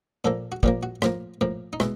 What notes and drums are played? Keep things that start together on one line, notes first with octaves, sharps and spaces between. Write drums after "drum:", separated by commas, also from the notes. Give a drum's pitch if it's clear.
A#2 F3 A#3 A4
F#4
A#2 F3 A#3 G4, drum: kick
F#4
A2 F3 A#3 F4, drum: rim click
A2 F3 A#3
D#4
B2 G#3 E4, drum: rim click